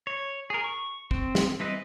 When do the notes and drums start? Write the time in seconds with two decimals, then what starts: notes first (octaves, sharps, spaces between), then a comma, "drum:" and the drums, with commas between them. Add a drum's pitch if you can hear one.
0.07 C#5
0.50 G#4 A#4
0.64 C#6
1.11 C4, drum: kick
1.35 drum: snare
1.60 E3 G3 C4 B4 D#5